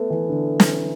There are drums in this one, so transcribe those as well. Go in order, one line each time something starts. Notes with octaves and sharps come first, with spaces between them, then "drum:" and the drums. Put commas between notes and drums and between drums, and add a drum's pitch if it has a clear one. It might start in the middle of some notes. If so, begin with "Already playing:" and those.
Already playing: A3 B3
E3
D3
E3, drum: snare